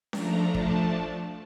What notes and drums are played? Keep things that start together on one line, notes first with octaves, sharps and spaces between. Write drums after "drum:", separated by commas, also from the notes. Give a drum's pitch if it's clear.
F3 A3 D4 A#5, drum: snare C#4
A5, drum: kick